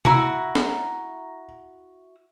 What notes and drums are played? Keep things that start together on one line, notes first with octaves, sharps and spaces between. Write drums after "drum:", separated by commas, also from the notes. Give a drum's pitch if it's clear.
E4 F#4 A#5, drum: tom C3
drum: snare